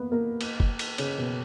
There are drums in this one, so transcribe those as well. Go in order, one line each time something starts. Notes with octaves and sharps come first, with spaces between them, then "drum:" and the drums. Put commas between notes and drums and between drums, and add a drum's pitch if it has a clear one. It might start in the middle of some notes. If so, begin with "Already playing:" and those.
Already playing: A#3 B3 B4
A#3 A#4
drum: cymbal
drum: kick F#1
drum: cymbal
C#3 C#4, drum: cymbal
B2 B3